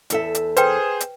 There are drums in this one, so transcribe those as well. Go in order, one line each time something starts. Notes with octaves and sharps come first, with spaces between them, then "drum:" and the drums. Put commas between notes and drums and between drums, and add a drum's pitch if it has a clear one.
E2 A4 E5, drum: hi-hat
drum: hi-hat
G#4 B4 C5 G5, drum: hi-hat
drum: hi-hat